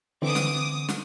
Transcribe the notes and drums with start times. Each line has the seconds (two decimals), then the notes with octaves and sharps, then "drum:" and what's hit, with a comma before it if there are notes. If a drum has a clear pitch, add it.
0.22 D3 E3 C4 D6 D#6
0.35 drum: snare
0.89 drum: snare